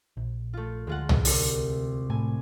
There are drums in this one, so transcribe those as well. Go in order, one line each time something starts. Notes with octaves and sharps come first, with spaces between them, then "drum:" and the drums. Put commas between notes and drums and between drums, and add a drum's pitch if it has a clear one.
A#1
A3 F4
D2 G#3 F4 F#5
drum: tom C2
C2, drum: open hi-hat
A2 G#5